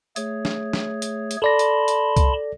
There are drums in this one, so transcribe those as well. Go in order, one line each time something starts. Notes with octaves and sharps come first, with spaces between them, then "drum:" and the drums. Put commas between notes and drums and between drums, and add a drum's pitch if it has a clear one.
A3 G#4 C#5, drum: hi-hat
drum: snare
drum: snare
drum: hi-hat
drum: hi-hat
A4 D5 A5 B5 C6 A#6
drum: hi-hat
drum: hi-hat
drum: kick C2, hi-hat